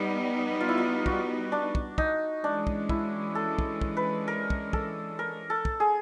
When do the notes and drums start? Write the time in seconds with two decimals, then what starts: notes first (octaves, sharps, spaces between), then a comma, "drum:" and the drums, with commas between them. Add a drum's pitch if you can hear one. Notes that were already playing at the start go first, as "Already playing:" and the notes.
Already playing: G3 B3 D#4
0.60 F4
0.69 E4
0.78 F4
1.06 F#4, drum: kick
1.52 D4
1.75 drum: kick
1.98 D#4, drum: kick
2.44 E3 G#3 C#4 D4
2.67 drum: kick
2.89 E4, drum: kick
3.35 A4
3.59 drum: kick
3.81 drum: kick
3.97 B4
4.28 A#4
4.50 drum: kick
4.73 A4, drum: kick
5.19 A#4
5.50 A4
5.65 drum: kick
5.80 G#4